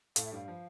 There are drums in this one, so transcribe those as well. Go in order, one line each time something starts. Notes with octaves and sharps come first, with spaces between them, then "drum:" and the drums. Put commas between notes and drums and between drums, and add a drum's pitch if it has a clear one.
A2 A3 F5, drum: hi-hat
E5
G2 G3 F5
F3